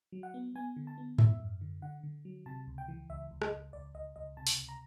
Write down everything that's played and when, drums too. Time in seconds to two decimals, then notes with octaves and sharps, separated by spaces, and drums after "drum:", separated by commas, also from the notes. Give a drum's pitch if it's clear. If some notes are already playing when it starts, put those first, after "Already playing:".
0.12 F#3
0.23 F#5
0.34 B3
0.55 B3 G#5
0.77 D3
0.87 A5
0.98 B3
1.18 F#2 E5, drum: tom G#2
1.40 F#2
1.61 D3
1.82 D3 F#5
2.03 D3
2.25 F#3
2.46 C3 A5
2.67 C#2
2.78 G5
2.88 E3
3.10 C#2 E5
3.31 C#2
3.42 D#5, drum: rim click
3.52 C#2
3.73 C#2 D5
3.95 C#2 D#5
4.16 C#2 D#5
4.37 C3 A5
4.47 drum: open hi-hat
4.58 C#2
4.69 A#5